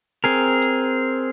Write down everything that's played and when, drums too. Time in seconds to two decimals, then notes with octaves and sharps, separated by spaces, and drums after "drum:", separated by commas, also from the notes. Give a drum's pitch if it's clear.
0.24 C4 G#4 A#4, drum: hi-hat
0.61 drum: hi-hat